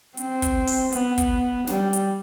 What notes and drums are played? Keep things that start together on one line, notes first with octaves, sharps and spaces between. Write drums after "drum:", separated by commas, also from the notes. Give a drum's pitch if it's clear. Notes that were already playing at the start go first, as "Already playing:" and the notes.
C4, drum: hi-hat
drum: kick, hi-hat
drum: open hi-hat
B3, drum: hi-hat
drum: kick, hi-hat
G3, drum: snare
drum: hi-hat